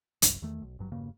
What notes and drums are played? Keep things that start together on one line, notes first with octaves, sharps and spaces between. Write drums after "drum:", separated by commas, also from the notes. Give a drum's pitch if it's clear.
F#1 C2 F#2, drum: hi-hat
E2 D#3 A3
B1
G#1 G2 F#3
E1 G2 C#3 A#3